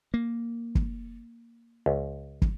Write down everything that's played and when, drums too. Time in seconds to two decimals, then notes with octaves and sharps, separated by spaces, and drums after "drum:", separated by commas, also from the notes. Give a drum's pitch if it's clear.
0.14 A#3
0.75 drum: kick
1.86 C#2
2.42 drum: kick